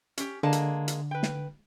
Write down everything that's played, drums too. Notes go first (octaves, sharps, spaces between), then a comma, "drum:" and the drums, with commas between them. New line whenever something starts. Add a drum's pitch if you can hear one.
C#4 G4, drum: hi-hat
D3 G#3 A#3 A5
drum: hi-hat
drum: hi-hat
B4 G5
drum: snare